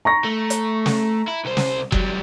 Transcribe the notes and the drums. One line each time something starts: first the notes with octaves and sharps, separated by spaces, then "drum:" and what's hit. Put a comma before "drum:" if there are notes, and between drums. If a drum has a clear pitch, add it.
A#5 C#6 A#6
A3
drum: hi-hat
drum: snare
E4
C2 C5
drum: snare
F#3 G3, drum: kick F#1